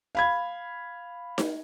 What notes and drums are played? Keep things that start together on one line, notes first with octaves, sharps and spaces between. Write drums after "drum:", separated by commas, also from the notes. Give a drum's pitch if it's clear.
F5 B5 G#6
drum: snare D#4